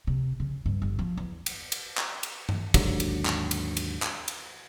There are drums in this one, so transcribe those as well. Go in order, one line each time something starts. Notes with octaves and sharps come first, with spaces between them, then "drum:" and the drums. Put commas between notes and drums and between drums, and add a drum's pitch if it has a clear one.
C3
C#3
G2
G1
F3
E2
drum: cymbal
drum: cymbal
drum: clap
drum: cymbal
drum: tom G2
D#2 G#2 D3 F#3, drum: kick, cymbal
drum: cymbal
drum: clap
drum: cymbal
drum: cymbal
drum: clap
drum: cymbal